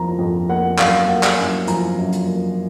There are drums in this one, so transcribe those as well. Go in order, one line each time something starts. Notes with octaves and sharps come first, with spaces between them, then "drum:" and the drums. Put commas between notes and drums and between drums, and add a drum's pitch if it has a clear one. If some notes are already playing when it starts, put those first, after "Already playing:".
Already playing: F2 F3 A#3 A#5
F2
A#3 F#5
F#2 F5, drum: clap
A#3 F#5
drum: clap
F#2 G#5
F3 A#5, drum: hi-hat
F#2
drum: hi-hat
A#3